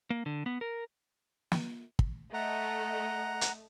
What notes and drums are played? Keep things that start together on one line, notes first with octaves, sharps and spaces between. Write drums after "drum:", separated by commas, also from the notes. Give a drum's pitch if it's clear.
A#3
D3
B3
A#4
drum: snare
drum: kick
A3 D#5 F#5 A#5
drum: hi-hat